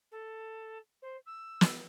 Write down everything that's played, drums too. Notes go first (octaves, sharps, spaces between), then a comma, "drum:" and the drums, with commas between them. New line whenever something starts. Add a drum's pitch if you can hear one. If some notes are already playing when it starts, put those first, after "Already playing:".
A4
C5
E6
drum: snare